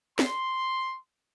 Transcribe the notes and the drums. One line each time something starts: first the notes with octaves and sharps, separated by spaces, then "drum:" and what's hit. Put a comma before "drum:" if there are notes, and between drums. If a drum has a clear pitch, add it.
C6, drum: snare